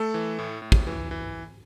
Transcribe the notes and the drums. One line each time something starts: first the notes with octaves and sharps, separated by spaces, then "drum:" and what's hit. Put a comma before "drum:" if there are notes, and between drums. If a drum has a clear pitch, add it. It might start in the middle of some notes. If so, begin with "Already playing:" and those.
Already playing: A3 A4
E3
A2
A2
drum: kick
E3
E3